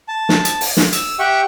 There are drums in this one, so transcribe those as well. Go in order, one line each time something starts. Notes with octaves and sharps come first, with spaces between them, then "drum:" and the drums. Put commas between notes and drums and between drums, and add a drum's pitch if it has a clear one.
A5
drum: snare
drum: hi-hat
drum: open hi-hat
drum: snare
E6, drum: hi-hat
G4 E5 F#5 G5 C#6